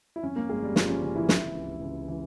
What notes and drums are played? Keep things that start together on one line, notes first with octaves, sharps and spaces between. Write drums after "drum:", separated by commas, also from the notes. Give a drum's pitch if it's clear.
E4
F2 C#4
A#3 A#4
G1 G#3 G#4
G3 G4
G1 F3 F4, drum: snare
C#4
C#3 C#4
E3 E4
C3 E3 E4, drum: snare
C#2
C#2
E3